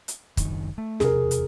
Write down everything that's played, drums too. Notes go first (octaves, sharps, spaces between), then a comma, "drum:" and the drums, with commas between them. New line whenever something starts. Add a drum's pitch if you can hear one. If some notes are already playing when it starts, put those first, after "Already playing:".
drum: hi-hat
F#1 D#3, drum: kick, hi-hat
A3
E1 C3 G#4 A#4, drum: snare
drum: hi-hat